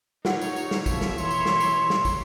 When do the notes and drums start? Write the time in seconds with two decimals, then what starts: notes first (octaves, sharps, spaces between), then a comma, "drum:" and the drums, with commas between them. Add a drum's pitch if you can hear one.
0.25 D#4 F4 G4 C#5 F#5, drum: snare
0.41 drum: tambourine
0.56 drum: tambourine
0.71 drum: snare
0.86 B2 F3 C#5 E5, drum: kick, tambourine
1.01 drum: snare
1.18 E3 C6, drum: tambourine
1.31 drum: tambourine
1.45 drum: snare
1.60 drum: tambourine
1.90 drum: snare
2.05 drum: kick, tambourine